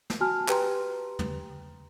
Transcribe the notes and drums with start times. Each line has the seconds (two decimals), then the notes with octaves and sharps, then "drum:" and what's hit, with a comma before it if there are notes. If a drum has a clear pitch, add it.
0.10 drum: snare
0.21 F#4 G#5 A5 F6
0.48 G4 B4 G5 A#5 C6, drum: clap
1.19 drum: tom